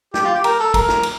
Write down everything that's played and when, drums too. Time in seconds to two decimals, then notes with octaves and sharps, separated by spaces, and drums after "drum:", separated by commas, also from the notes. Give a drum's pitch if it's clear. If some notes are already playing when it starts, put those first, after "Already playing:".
0.14 G4, drum: snare
0.25 F4
0.34 G4
0.44 A#4, drum: cymbal
0.59 A4
0.74 A#4, drum: kick, cymbal
0.88 drum: snare
1.03 drum: cymbal